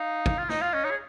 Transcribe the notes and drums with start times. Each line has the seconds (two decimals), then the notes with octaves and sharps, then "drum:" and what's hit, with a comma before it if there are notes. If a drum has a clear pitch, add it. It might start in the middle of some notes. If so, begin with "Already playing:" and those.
Already playing: D#4 F5
0.26 drum: kick
0.38 F4
0.49 D#4 D#5, drum: snare
0.61 F4 F5
0.73 C#4 D#5
0.84 D#4 C#5
0.91 G#4